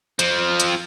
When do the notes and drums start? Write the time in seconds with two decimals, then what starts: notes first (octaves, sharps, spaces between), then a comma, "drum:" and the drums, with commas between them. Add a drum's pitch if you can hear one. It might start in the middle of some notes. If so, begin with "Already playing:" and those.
0.19 F3 C4, drum: hi-hat
0.60 drum: hi-hat